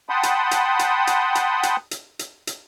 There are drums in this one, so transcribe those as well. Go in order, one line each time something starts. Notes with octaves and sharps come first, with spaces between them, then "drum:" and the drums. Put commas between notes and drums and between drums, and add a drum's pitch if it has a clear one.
F#5 G5 A5 B5 C6 D#6
drum: hi-hat
drum: hi-hat
drum: hi-hat
drum: hi-hat
drum: hi-hat
drum: hi-hat
drum: hi-hat
drum: hi-hat
drum: hi-hat